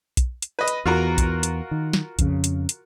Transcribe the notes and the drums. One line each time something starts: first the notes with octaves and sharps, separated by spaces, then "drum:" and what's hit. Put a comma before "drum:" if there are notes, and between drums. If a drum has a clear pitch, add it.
drum: kick, hi-hat
drum: hi-hat
B4 D#5
drum: hi-hat
E2 F4 F#4 A#4
drum: kick, hi-hat
drum: hi-hat
D#3
drum: snare
F2 C#3, drum: kick, hi-hat
drum: hi-hat
drum: hi-hat